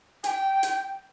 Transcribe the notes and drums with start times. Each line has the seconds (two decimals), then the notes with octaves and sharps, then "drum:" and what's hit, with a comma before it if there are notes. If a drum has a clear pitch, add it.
0.24 G#5, drum: hi-hat
0.27 G5
0.63 drum: hi-hat